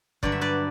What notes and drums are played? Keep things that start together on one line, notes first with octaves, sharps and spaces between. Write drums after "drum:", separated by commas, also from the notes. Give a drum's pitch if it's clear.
G2 D3 F#3 D5, drum: kick F#1
E5
B4 D5